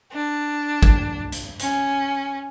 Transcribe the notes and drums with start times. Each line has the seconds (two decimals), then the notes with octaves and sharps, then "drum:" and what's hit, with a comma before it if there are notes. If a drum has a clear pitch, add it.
0.11 D4
0.83 drum: kick
1.32 drum: hi-hat
1.59 C#4, drum: hi-hat